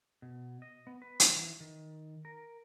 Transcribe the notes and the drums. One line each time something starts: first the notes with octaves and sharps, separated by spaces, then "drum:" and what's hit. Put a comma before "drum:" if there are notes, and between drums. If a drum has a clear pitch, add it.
B2
D#5
B3
B4
drum: hi-hat
E3
D#3
A#4